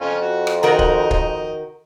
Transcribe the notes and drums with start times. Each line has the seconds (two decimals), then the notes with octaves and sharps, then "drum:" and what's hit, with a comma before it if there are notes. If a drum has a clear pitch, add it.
0.01 F2 C#4 F4
0.21 F#4
0.47 drum: rim click
0.63 D#3 F#4 A#4 D#5 A#5
0.79 drum: kick
1.11 drum: kick